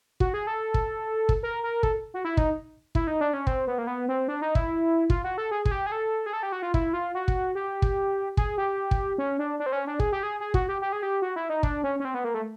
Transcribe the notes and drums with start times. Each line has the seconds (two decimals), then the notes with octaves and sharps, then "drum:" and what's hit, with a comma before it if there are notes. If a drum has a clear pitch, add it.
0.20 F#4, drum: kick
0.34 G#4
0.47 A4
0.74 drum: kick
1.29 drum: kick
1.43 A#4
1.63 A#4
1.83 A4, drum: kick
2.14 F#4
2.25 E4
2.37 D#4, drum: kick
2.95 E4, drum: kick
3.07 D#4
3.21 D4
3.34 C#4
3.47 C4, drum: kick
3.67 B3
3.78 A#3
3.87 B3
4.08 C4
4.28 D4
4.42 D#4
4.55 E4, drum: kick
5.10 F4, drum: kick
5.24 F#4
5.38 A4
5.51 G#4
5.65 G#4, drum: kick
5.71 G4
5.86 G#4
5.92 A4
6.26 G#4
6.33 A4
6.43 G4
6.52 F#4
6.63 F4
6.74 E4, drum: kick
6.93 F4
7.15 F#4
7.28 drum: kick
7.55 G4
7.82 drum: kick
8.37 G#4, drum: kick
8.58 G4
8.91 drum: kick
9.18 C#4
9.39 D4
9.59 D4
9.66 C4
9.72 C#4
9.87 D4
10.00 G#4, drum: kick
10.12 G4
10.23 G#4
10.40 G#4
10.54 F#4, drum: kick
10.69 G4
10.82 G4
10.92 G#4
11.03 G4
11.22 F#4
11.36 E4
11.50 D#4
11.63 D4, drum: kick
11.84 C#4
12.00 C#4
12.05 C4
12.15 B3
12.24 A#3
12.34 A3